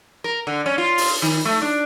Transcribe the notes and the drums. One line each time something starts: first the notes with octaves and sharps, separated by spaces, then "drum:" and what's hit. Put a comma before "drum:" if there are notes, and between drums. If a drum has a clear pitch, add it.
A#4
D3
C#4
F4
drum: open hi-hat
D#3
A3
D4